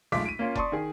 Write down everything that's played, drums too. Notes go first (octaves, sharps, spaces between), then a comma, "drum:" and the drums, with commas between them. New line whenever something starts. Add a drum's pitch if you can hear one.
B1 G#3 A3 F4 D6 B6, drum: snare
D7 D#7
A#3 C#4 F4
D5 A5 C6 C#6 D#6, drum: kick F1
D#3 G#4